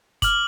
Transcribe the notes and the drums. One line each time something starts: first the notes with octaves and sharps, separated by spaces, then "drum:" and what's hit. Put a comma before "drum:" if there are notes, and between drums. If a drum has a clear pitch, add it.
D6 F6 F#7, drum: kick F#1, hi-hat